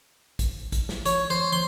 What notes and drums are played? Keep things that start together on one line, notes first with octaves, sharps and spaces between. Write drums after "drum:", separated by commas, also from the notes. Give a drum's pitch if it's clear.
drum: kick, hi-hat
drum: kick, hi-hat
drum: snare
C#5, drum: hi-hat
C5
C6